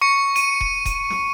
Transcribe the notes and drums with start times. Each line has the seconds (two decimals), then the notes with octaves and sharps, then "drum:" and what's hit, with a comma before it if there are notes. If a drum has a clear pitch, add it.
0.01 C#6 C#7
0.36 D#7, drum: hi-hat
0.61 drum: kick D#1
0.86 drum: kick D#1, hi-hat
1.10 drum: snare